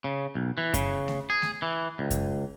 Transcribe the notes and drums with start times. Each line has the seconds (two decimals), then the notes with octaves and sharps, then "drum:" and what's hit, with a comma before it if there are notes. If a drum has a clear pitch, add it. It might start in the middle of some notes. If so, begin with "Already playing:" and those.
0.04 C#3
0.35 B1
0.58 E3
0.74 C#3, drum: kick F#2, hi-hat
1.08 drum: snare A3
1.30 G#4
1.42 drum: snare A3
1.62 E3
1.99 C#2
2.10 drum: kick F#2, hi-hat